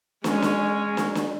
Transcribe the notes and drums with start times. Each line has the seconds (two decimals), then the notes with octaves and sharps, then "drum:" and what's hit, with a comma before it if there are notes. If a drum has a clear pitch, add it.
0.24 G#3 C#4, drum: snare
0.42 drum: snare
0.97 drum: snare
1.15 drum: snare